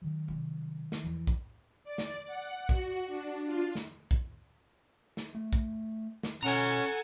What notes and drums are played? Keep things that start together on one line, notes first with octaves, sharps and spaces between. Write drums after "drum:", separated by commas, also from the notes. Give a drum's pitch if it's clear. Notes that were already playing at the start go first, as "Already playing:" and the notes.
D#3 F#3
C3 G3
drum: snare
E2 E3 F3
drum: kick
D5
drum: snare
F#5
F#4, drum: kick
D4
F4
drum: snare
drum: kick
drum: snare
A3
drum: kick
drum: snare
B2 C#4 A4 F#5 G#5 A#5